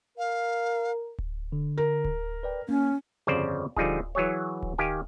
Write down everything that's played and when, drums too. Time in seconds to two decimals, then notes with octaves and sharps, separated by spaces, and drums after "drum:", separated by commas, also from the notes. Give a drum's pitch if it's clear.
0.18 A#4 F5
1.18 drum: kick D1
1.52 D3
1.78 A#4
2.04 drum: kick D1
2.43 B4 D5 G5
2.69 A#3 C#4
3.27 G1 F2 C#3 C5 D5
3.76 D3 F3 G3 D#4 F4 G#4, drum: kick D1
4.15 E3 F#3 G#4 C#5
4.62 drum: kick D1
4.78 D#3 G4 F5 G#5